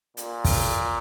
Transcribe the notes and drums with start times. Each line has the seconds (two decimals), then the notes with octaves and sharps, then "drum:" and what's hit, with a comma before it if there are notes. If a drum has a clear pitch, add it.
0.17 A#2, drum: hi-hat
0.44 drum: kick, open hi-hat